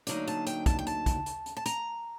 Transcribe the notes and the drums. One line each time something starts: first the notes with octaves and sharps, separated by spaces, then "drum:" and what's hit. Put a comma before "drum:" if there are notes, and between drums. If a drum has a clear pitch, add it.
D2 D3 F#3 A#3 D#4 D5, drum: hi-hat
A5, drum: hi-hat
G5, drum: hi-hat
A5, drum: kick, hi-hat
G5
A5, drum: hi-hat
drum: kick, hi-hat
drum: hi-hat
drum: hi-hat
A5
A#5, drum: hi-hat